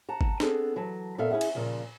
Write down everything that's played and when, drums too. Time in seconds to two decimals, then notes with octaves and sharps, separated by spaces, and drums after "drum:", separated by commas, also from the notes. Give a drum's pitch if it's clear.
0.09 F#5 A5 A#5
0.21 drum: kick G1
0.40 B3 C4 D4 G#4 A4, drum: snare
0.76 E3 F#3 A5
1.18 A#2 B3 A4 E5 F5
1.30 C#4 E4 G#4 E5 F#5
1.41 drum: cymbal
1.55 A#2 C#3 F3